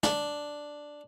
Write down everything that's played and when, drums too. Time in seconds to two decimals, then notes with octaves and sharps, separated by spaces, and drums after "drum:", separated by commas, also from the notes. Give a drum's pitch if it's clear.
0.03 D4, drum: snare